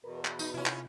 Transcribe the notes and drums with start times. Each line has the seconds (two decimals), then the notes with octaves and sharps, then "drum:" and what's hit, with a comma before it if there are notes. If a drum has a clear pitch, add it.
0.04 E2 B2 A#4 B4
0.25 B5, drum: clap
0.39 D#4, drum: tambourine
0.54 C3 C#4 E4 F4
0.66 drum: clap